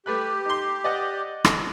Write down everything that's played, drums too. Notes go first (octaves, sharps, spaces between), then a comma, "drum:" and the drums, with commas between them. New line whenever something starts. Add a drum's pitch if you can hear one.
A3 G4 B4 F#6
D#4 C6
D5 D#5 F#5
drum: rim click